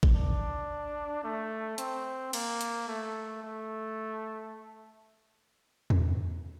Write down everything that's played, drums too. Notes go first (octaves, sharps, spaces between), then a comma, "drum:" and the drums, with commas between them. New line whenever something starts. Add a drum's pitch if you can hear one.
drum: kick G#1
D4
A3
C4, drum: hi-hat
A#3, drum: cymbal
drum: hi-hat
A3
A3
drum: tom E2